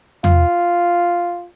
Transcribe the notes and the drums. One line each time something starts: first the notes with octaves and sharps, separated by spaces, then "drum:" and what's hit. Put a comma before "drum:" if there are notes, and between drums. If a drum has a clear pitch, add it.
F4, drum: tom E2